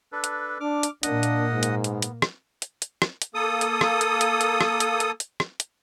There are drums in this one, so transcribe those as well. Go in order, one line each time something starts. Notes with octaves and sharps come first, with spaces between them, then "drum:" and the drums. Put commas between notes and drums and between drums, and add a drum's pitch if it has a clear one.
D4 A4 B4
drum: hi-hat
D4 D6 F6
drum: hi-hat
A#2 A#3 D4 D#5 F#5 D#6, drum: hi-hat
drum: hi-hat
G#2
drum: hi-hat
B3, drum: hi-hat
drum: hi-hat
drum: rim click
drum: hi-hat
drum: hi-hat
drum: rim click
drum: hi-hat
A#3 A4 D#6
drum: hi-hat
drum: rim click
drum: hi-hat
drum: hi-hat
drum: hi-hat
drum: rim click
drum: hi-hat
drum: hi-hat
drum: hi-hat
drum: rim click
drum: hi-hat